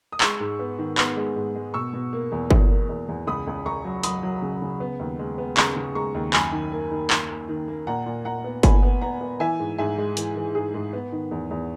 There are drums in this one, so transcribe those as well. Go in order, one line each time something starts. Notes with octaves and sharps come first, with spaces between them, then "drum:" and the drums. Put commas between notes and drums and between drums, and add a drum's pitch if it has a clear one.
D#6
G#3 C#6 E6, drum: clap
G#2
B3
D#3
B3, drum: clap
G#3
G#2
G#3
B2 C#6 E6
B2
A#3
E2
E2, drum: kick G1
A#3
E2
E2
C#2 B5 D#6
C#2
C#2 A#5 C#6
F#3
F#3 B5 D#6, drum: hi-hat
F#3
C#3
C#3
B3
D#2
G#3
B3
C#3 A#5 C#6, drum: clap
C#3
G#3 A#5 C#6
D#2
F#2 G#5 B5, drum: clap
D#3
A#3
D#3
D#3, drum: clap
A#3
D#3
A#3
A#2 F#5 A#5
A#2
A#2 F#5 A#5
B3
A#2 G#5 B5, drum: kick G1, hi-hat
B3
B3 F#5 A#5
B3
E3 E5 G#5
G#2
G#2 E5 G#5
G#3
E3, drum: hi-hat
E3
G#2 G#4
G#2
B3
D#3
E2
E2